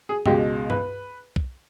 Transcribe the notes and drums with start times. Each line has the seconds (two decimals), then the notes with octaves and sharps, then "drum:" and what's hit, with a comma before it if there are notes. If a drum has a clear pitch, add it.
0.09 G#4
0.26 C#2 B2 G#3 G4, drum: tom G2
0.70 B4, drum: tom G2
1.36 drum: kick